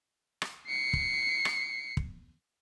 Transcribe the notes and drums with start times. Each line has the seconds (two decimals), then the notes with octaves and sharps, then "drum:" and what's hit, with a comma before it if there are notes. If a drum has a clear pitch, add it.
0.42 drum: rim click
0.68 C7 C#7
0.93 drum: kick
1.45 drum: rim click
1.97 drum: kick